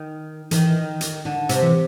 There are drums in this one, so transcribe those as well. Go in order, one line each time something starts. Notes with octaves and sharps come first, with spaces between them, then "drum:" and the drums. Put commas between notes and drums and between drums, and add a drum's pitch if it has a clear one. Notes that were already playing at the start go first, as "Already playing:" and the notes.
Already playing: D#3
D#3 E3, drum: hi-hat
drum: hi-hat
D3 D#3
C3, drum: hi-hat
E3